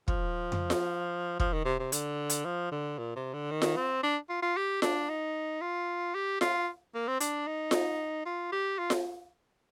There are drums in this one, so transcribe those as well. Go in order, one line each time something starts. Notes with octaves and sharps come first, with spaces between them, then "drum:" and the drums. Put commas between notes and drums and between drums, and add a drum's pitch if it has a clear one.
F3, drum: kick
drum: tom F2
drum: snare F4
F3, drum: kick
D#3
C3
C3
D3, drum: hi-hat
drum: hi-hat
F3
D3
A#2
C3
D3
D#3
drum: snare F4
C4
D4
F4
F4
G4
D4, drum: snare F4
D#4
F4
G4
F4, drum: snare F4
A#3
C4
D4, drum: hi-hat
D#4
drum: snare F4
F4
G4
F4
drum: snare F4